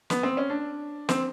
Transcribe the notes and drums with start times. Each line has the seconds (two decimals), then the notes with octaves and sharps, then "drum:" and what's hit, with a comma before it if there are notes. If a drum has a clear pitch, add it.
0.10 B3, drum: snare
0.23 C4
0.37 C#4
0.50 D4
1.09 C4, drum: snare